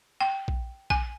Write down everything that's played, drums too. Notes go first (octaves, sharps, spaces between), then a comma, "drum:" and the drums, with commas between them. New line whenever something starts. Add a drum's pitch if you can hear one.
G5
drum: kick
G#5, drum: kick